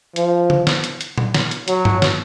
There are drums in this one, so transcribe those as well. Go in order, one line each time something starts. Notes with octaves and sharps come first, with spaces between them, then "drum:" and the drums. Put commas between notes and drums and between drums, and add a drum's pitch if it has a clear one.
F3, drum: hi-hat
drum: tom
drum: snare
drum: hi-hat
drum: hi-hat
drum: tom A#2
drum: snare
drum: hi-hat
F#3, drum: hi-hat
drum: tom G2
drum: snare